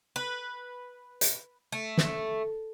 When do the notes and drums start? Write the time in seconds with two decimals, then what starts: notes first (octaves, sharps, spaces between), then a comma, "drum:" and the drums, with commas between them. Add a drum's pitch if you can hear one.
0.16 B4
1.21 drum: hi-hat
1.72 A3
1.98 drum: snare